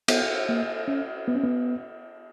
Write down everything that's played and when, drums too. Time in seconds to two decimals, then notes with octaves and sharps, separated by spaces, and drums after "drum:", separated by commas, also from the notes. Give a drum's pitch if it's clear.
0.08 B3, drum: cymbal
0.49 A#3
0.88 C#4
1.28 B3
1.35 C#4
1.44 B3